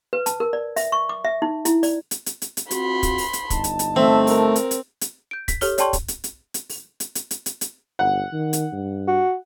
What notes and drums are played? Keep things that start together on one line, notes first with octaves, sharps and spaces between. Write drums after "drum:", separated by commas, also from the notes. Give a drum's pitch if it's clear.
B4
A5, drum: hi-hat
A#4
D5
E5, drum: open hi-hat
C#6
D6
E5
D#4
E4, drum: hi-hat
D5, drum: open hi-hat
drum: hi-hat
drum: hi-hat
drum: hi-hat
drum: hi-hat
C4 F4 F#4 B5 C6, drum: hi-hat
drum: kick, hi-hat
drum: open hi-hat
drum: hi-hat
G1 D#4 A5, drum: kick, hi-hat
drum: hi-hat
drum: hi-hat
A3 C4 E5
A#4, drum: open hi-hat
drum: hi-hat
drum: hi-hat
drum: hi-hat
G6 D7
B6, drum: kick, hi-hat
G4 A4 C#5 F6 G7, drum: open hi-hat
C#5 D5 G5 A5 C6 C#6, drum: hi-hat
drum: kick, hi-hat
drum: hi-hat
drum: hi-hat
drum: hi-hat
drum: open hi-hat
drum: hi-hat
drum: hi-hat
drum: hi-hat
drum: hi-hat
drum: hi-hat
G1 F#5
D#3
drum: hi-hat
G2
F#4